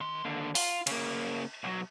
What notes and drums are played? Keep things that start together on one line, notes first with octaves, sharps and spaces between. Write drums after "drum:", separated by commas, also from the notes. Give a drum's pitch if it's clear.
D#3 C6
D#2 D3
F4, drum: open hi-hat
C#3 A#3, drum: cymbal
B1 F#3